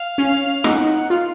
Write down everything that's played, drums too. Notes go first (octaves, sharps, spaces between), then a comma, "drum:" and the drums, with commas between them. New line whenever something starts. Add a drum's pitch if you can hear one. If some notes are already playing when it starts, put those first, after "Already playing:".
Already playing: F5
C#4
D#4 F#5, drum: snare
F4 F5